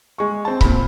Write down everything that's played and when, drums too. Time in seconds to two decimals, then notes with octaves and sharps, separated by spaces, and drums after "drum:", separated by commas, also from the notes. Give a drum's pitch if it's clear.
0.18 G#3 C#6
0.45 C4 A5
0.61 A#2 C4 B5, drum: kick C#1